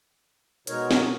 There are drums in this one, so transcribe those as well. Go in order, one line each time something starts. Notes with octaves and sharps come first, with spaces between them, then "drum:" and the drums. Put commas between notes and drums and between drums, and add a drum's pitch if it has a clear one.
B2 G#3 D#4 A#4 C#5, drum: hi-hat
drum: snare